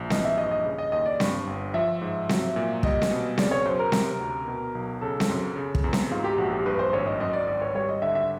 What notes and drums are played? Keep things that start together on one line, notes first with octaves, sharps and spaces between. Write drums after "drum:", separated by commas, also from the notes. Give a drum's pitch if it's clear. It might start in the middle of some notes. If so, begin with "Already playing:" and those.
Already playing: A#1
E3 D#5, drum: snare C4
E5
G2 D#5
D#5
C#3
D#5
D#2 D#5
D5
G2, drum: snare C4
G1
F3 E5
G#2
F#3, drum: snare C4
A#2
G3 D#5, drum: kick
drum: snare C4
B2
C#3 D5, drum: snare C4
C#5
F#2 C5
A#4
C3, drum: snare C4
D2
B2
B1
C#3 A4
drum: snare C4
F#2
C#3
drum: kick
E2
drum: snare C4
G#2 F4
G4
A#1 F#4
G4
G2 B4
C5
G#1 C#5
D#5
F#2 D#5
D5
G#1 D5
C#5
G3 C#5
D#5
D3 E5
E5